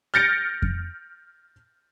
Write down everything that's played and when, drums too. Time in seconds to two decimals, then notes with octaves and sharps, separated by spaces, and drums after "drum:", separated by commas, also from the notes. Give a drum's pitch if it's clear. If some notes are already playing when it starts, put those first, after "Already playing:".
0.14 F6 G6 A6 A#6 C#7 D7
0.62 drum: kick F2